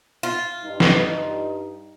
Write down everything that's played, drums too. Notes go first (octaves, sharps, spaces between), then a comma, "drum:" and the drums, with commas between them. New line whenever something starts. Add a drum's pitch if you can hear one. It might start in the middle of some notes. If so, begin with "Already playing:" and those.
F4
G2 D#4
drum: snare